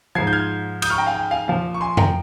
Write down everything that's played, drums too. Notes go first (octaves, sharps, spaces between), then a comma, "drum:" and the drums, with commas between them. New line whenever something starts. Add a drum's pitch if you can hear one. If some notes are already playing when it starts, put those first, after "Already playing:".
G#2 F3 G#6 C7
G6
F6 G#6
D#6 G6, drum: cymbal
C#6 F6
G5 A#5
F5 G#5
G5
F5 G#5
A#2 F3 F5
C#6
G#5 C6
G5 A#5, drum: tom F2